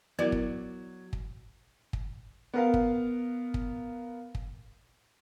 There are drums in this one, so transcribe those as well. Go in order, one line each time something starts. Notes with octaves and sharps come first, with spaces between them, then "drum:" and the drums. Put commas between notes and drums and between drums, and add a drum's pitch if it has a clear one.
F#3 B3 E4 A#4 D5
drum: kick
drum: kick
drum: kick
B3 A#4 F5
drum: kick
drum: kick
drum: kick